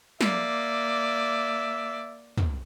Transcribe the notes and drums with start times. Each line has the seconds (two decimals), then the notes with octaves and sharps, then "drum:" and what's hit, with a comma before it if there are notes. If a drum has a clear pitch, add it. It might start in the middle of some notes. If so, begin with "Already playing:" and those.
0.21 A#3 D5 E5, drum: snare
2.37 drum: tom